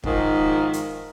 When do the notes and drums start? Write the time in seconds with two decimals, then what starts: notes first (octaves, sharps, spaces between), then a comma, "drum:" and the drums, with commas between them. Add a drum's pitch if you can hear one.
0.04 G#2 D#3 F3, drum: kick
0.73 drum: hi-hat